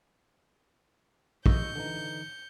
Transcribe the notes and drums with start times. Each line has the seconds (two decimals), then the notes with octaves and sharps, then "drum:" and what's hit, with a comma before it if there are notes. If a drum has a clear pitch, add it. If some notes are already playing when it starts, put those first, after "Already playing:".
1.46 D#5 C#6 E6 G6 C#7, drum: kick
1.75 D3 E3 D#4